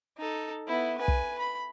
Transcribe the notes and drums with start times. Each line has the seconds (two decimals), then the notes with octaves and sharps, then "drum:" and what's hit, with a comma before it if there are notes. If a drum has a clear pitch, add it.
0.18 D#4 A4
0.68 B3 E4
0.98 B4 G#5
1.08 drum: kick
1.39 B5